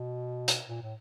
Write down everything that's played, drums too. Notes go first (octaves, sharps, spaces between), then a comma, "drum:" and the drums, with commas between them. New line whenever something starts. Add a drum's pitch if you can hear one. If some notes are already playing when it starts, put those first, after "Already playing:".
Already playing: B2
drum: hi-hat
A#2
A2